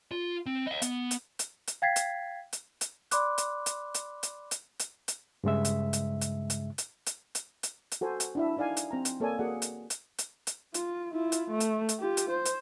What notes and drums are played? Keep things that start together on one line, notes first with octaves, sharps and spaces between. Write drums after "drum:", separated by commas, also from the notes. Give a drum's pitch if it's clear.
F4
C4
D#5 F5
B3, drum: hi-hat
drum: hi-hat
drum: hi-hat
drum: hi-hat
F5 G5 G#6 A6 B6 C7
drum: hi-hat
drum: hi-hat
drum: hi-hat
D5 B5 C6 D6 F#6, drum: hi-hat
drum: hi-hat
drum: hi-hat
drum: hi-hat
drum: hi-hat
drum: hi-hat
drum: hi-hat
drum: hi-hat
G2 C#3 G#3 E5
drum: hi-hat
drum: hi-hat
drum: hi-hat
drum: hi-hat
drum: hi-hat
drum: hi-hat
drum: hi-hat
drum: hi-hat
drum: hi-hat
F#4 A4 C5 G#5
drum: hi-hat
D4 E4 E5
D#4 E4 D5 F5 G#5
drum: hi-hat
C4 A#5
drum: hi-hat
A#3 A4 C#5 D5 G#5
A#3 F#4 G#4 A4 D5 F#5
drum: hi-hat
drum: hi-hat
drum: hi-hat
drum: hi-hat
F4, drum: hi-hat
E4 F4
drum: hi-hat
A3
drum: hi-hat
drum: hi-hat
F4 G4
drum: hi-hat
C5
drum: hi-hat